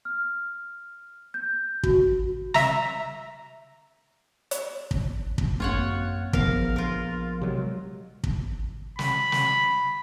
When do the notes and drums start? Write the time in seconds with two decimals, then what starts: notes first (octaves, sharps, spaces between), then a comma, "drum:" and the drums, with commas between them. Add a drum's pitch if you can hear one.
0.05 F6
1.34 G6
1.83 F#4, drum: kick
2.54 E5 A#5, drum: snare
4.51 drum: hi-hat
4.91 drum: kick
5.38 drum: kick
5.60 F#2 A#3 C4 F4 C#5 F#5
6.33 A#1 F3 B3 A#4 F5, drum: kick
6.76 F4 A#4
7.41 C3 F#3 G#3
8.24 drum: kick
8.99 B5, drum: snare
9.32 drum: snare